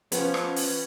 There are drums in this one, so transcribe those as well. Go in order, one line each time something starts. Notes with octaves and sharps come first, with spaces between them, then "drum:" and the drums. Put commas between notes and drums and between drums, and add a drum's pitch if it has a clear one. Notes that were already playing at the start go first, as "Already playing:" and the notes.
F3 B3 C#4, drum: hi-hat
drum: rim click
drum: open hi-hat